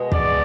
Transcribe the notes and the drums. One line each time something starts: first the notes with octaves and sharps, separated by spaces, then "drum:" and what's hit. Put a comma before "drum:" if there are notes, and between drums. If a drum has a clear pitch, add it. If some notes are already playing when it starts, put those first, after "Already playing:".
Already playing: B2 G#3
D5, drum: kick